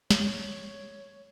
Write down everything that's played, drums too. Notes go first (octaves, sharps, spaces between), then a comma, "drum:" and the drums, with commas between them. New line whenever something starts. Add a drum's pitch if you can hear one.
C#5, drum: snare